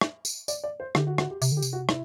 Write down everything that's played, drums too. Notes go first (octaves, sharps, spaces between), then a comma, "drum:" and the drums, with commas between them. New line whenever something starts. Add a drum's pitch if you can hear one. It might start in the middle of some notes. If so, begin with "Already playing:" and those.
drum: rim click
drum: tambourine
D5, drum: tambourine
D5
C5
D3 G4, drum: rim click
F#4
F#4, drum: rim click
G4
C3, drum: tambourine
D3 G4
C3, drum: tambourine
F#4
E4, drum: rim click